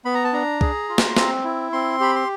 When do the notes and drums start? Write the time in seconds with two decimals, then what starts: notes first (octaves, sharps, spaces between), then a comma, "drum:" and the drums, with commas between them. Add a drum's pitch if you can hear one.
0.05 B3 B5
0.14 A#5
0.24 A5
0.33 D4 A#5
0.61 G#4, drum: kick
0.89 F4
0.98 drum: snare
1.17 C4, drum: snare
1.44 E4
1.72 C4 C6
2.00 G4 B5
2.15 C6